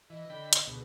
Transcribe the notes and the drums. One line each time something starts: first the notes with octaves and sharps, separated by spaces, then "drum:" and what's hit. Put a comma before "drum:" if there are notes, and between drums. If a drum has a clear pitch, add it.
E3 D#5
D3 G5 B5
drum: hi-hat
D2 B2 G#4